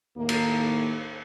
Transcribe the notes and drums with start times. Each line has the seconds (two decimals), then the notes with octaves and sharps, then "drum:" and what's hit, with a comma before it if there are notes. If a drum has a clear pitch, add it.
0.17 D#2 A2 A#3
0.29 drum: cymbal